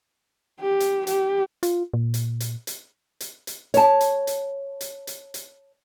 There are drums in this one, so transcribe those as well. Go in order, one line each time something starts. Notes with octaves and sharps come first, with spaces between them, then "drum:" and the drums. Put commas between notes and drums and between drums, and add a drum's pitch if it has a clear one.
G4
drum: hi-hat
G4, drum: hi-hat
F4, drum: hi-hat
A#2
drum: hi-hat
drum: hi-hat
drum: hi-hat
drum: hi-hat
drum: hi-hat
C#5 A5, drum: hi-hat
drum: hi-hat
drum: hi-hat
drum: hi-hat
drum: hi-hat
drum: hi-hat